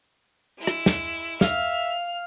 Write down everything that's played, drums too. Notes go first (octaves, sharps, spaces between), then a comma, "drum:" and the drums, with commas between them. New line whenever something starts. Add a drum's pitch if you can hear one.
G#3 E4
drum: rim click
drum: snare
E5 F5 F6, drum: snare